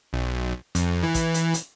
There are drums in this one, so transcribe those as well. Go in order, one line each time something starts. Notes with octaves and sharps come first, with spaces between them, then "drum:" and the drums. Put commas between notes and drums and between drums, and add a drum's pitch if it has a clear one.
B1
F2, drum: hi-hat
E3
drum: kick, hi-hat
drum: hi-hat
drum: hi-hat